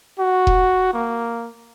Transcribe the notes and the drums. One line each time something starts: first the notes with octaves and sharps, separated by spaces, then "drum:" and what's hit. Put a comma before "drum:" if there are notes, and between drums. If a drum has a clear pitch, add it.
F#4
drum: kick E1
A#3